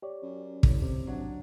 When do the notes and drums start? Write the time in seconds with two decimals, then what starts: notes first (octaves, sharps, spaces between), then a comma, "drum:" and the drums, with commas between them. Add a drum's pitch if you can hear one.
0.02 G4 C#5 D5
0.23 F#2
0.63 A2, drum: kick
0.81 C3
1.07 F#3 D4